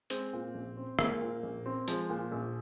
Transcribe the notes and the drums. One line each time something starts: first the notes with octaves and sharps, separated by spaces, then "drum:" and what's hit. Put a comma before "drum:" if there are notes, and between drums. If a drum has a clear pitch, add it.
G#3 C4, drum: hi-hat
A#2
A#1
C4
G#3 A#3, drum: rim click
A#2
A#1
C4
F3 G#3, drum: hi-hat
A#2
A#1